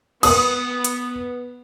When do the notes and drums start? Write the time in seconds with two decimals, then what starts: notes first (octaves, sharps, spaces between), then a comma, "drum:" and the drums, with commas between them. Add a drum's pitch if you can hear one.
0.23 B3 D#6, drum: cymbal
0.84 drum: hi-hat